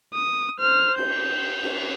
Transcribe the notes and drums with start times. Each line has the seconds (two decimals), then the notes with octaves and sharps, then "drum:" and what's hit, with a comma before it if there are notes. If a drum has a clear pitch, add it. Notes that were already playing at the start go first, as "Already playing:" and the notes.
0.13 D#6
0.60 C5 F6
0.98 G6, drum: cymbal
1.63 drum: cymbal